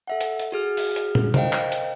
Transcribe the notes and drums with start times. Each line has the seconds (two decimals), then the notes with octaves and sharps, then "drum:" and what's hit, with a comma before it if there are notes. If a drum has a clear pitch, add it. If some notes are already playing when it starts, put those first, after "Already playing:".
0.07 A4 E5 F#5
0.21 drum: hi-hat
0.39 drum: hi-hat
0.52 F#4 G#4 F6
0.77 drum: open hi-hat
0.96 drum: hi-hat
1.15 drum: tom
1.34 A#4 C5 D#5 F5 G5, drum: tom C3
1.53 drum: clap
1.72 drum: hi-hat